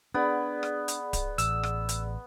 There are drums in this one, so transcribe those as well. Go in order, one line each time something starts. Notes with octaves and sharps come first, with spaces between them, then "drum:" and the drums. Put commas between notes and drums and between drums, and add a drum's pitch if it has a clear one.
B3 D4 G#4 D5 F#5
drum: rim click
drum: hi-hat
drum: kick D1, hi-hat
A1 E6, drum: hi-hat
drum: rim click
drum: hi-hat